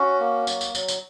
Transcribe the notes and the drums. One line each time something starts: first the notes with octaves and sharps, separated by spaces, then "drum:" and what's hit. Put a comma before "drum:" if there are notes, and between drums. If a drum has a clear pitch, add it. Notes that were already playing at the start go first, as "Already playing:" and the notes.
Already playing: C#4 F#4
A#3
F#3, drum: tambourine
drum: tambourine
F#3, drum: tambourine
drum: tambourine